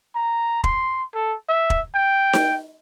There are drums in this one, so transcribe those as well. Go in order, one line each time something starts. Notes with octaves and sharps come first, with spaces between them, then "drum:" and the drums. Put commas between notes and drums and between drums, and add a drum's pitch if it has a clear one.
A#5
C6, drum: kick
A4
E5
drum: kick
G5
drum: snare D#4